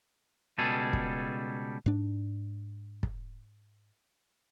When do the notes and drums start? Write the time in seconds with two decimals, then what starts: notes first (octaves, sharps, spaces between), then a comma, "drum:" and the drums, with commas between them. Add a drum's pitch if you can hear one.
0.58 C#2 B2 G3 G#4 A4
0.93 drum: kick
1.86 G#2 D4
3.03 drum: kick